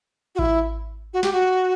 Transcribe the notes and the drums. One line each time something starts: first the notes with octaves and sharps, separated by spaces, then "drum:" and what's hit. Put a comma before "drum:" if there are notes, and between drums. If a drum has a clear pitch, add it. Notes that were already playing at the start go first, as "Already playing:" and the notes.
F#4
E4, drum: kick A1
F#4
G4, drum: snare
F#4